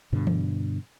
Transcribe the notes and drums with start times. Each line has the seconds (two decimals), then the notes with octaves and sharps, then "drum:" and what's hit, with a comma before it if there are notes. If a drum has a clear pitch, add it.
0.12 G2 B2 D3
0.27 drum: tom E3